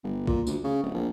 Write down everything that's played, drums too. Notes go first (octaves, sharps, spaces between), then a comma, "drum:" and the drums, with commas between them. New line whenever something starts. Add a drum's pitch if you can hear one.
G1
A#2, drum: kick
D2, drum: tambourine
C#3
D1
A#1